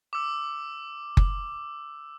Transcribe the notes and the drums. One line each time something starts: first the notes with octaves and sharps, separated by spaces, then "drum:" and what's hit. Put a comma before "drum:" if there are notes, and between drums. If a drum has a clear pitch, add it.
D6 E6
drum: kick F#1